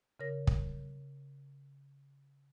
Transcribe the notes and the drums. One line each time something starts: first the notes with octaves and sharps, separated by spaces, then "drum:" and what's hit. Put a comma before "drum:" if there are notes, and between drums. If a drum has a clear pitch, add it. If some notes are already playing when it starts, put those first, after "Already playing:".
C#3 A#4 C#5 A#6
drum: kick